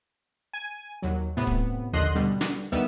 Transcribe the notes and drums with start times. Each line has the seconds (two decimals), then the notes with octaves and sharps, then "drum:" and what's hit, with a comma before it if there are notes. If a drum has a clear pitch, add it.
0.53 G#5
1.02 D#2 F#3
1.37 A2 C3 B3
1.47 drum: kick
1.93 A#1 D#2 D3 D#5 C6 F#6
2.15 B2 D3 G3
2.41 drum: snare
2.72 D2 D#3 G3 B3 E5